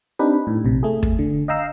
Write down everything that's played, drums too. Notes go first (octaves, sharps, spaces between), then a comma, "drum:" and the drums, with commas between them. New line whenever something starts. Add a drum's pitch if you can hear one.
C4 D4 D#4 G4 B4
A2
A#1 C3
A3 G#4
drum: kick
D3
D#5 F5 G5 A#5 E6 C7